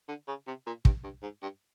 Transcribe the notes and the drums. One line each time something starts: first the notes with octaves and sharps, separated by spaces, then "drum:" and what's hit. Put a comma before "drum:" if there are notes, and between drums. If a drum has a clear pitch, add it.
D3
C#3
C3
A#2
G2, drum: kick
G2
G#2
G2